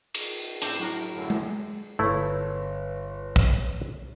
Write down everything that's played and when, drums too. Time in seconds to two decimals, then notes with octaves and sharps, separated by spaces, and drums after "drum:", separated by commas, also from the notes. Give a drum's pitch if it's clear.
0.14 drum: cymbal
0.62 A2 C4 D4 A5 D6 G6, drum: hi-hat
0.80 F#3 D4 E4 F#4 A#4
1.12 F#2 A2 D3
1.30 drum: tom G#3
1.99 G1 A3 E4 B4 C#5
3.36 drum: kick